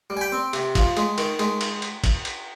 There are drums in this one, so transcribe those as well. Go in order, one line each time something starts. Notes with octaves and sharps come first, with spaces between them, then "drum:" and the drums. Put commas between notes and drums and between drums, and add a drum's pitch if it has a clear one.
G3
G#5
G5 B5
C4
C3, drum: cymbal
F3, drum: kick, cymbal
G#3, drum: cymbal
D#3, drum: cymbal
G#3, drum: cymbal
drum: cymbal
drum: cymbal
drum: kick, cymbal
drum: cymbal